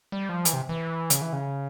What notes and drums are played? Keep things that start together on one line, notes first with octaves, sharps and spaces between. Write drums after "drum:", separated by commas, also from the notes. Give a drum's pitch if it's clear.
G3
F3
E3, drum: hi-hat
C3
E3
C#3, drum: hi-hat
E3
C#3